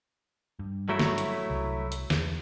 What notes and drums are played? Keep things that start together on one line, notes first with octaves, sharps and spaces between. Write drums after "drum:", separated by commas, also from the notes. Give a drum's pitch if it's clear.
G2
F#3 A3 E4
drum: snare
drum: hi-hat
C2
drum: hi-hat
E2, drum: snare